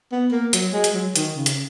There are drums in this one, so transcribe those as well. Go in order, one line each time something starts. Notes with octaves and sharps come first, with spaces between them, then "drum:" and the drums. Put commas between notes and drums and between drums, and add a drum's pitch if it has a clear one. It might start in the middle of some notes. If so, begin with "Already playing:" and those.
B3
A#3
F#3, drum: hi-hat
G#3
drum: hi-hat
F#3
D#3, drum: hi-hat
C#3
drum: hi-hat